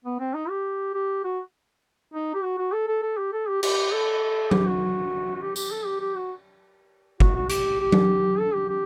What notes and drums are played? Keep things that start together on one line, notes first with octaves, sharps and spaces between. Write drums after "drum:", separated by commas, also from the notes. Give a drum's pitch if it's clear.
B3
C4
D#4
G4
G4
F#4
D#4
G4
F#4
F#4
A4
A4
A4
G4
A4
G4
G4, drum: cymbal
A4
G4, drum: tom F#3
F#4
F#4
G4
G4, drum: tambourine
A4
G4
G4
F#4
F#4, drum: kick F#1
F#4
G4, drum: hi-hat
G4
drum: tom F#3
A4
G4
G4